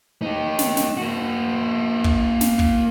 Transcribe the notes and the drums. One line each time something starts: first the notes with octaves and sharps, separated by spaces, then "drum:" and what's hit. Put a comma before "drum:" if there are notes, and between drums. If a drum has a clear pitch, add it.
D#4 G4
drum: snare
drum: snare
A#3 F#4
drum: kick
drum: snare
drum: kick